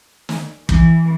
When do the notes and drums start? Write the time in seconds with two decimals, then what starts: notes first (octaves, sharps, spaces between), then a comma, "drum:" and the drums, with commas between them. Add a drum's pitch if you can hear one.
0.29 drum: snare
0.69 E3, drum: kick